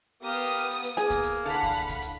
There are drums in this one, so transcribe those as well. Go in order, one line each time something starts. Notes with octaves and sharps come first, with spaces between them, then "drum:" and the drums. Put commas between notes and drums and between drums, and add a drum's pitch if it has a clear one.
B3 G4 A#4 F5 D#6
drum: hi-hat
drum: hi-hat
drum: hi-hat
drum: hi-hat
A#3 G#4 G#5, drum: hi-hat
drum: kick C#2, hi-hat
drum: hi-hat
D3 E4 A4 F5 F#5 B5
drum: kick C#2, open hi-hat
drum: open hi-hat
drum: kick C#2, hi-hat
drum: hi-hat